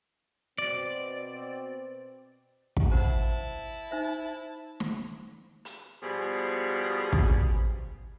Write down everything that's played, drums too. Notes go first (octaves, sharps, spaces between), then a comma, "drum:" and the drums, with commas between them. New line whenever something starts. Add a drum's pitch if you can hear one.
B2 C4 D5
drum: kick
E4 C5 F5 F#5 A5
D#4 C5 E5
drum: snare
drum: hi-hat
B2 F3 G3 G#4
drum: kick